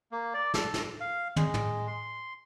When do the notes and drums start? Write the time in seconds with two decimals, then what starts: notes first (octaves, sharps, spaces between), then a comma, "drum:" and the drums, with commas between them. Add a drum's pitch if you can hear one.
0.12 A#3
0.34 D5
0.54 A4, drum: snare
0.74 drum: snare
1.01 F5
1.36 G#3, drum: tom
1.54 drum: tom
1.87 C6